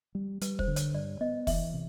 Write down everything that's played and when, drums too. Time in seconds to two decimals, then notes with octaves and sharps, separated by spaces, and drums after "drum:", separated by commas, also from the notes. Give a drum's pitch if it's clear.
0.15 G3
0.41 G3 B4, drum: hi-hat
0.59 C5, drum: kick
0.68 D3
0.76 C#5, drum: hi-hat
0.94 G2 D5
1.21 B3 D#5
1.47 E3 E5, drum: kick, open hi-hat
1.74 C3